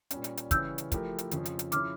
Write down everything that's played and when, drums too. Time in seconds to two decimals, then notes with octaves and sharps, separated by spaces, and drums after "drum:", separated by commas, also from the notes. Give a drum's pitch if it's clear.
0.11 A#2 G3 C#4, drum: hi-hat
0.24 drum: hi-hat
0.37 drum: hi-hat
0.51 C#3 E3 G3 C#4 E6 G6, drum: kick, hi-hat
0.78 drum: hi-hat
0.92 F3 A3 E4 G4 A#4, drum: kick, hi-hat
1.18 drum: hi-hat
1.31 F2 C#3 F3 C#4, drum: hi-hat
1.45 drum: hi-hat
1.59 drum: hi-hat
1.72 C#3 F3 C#4 E4 D6 F6, drum: hi-hat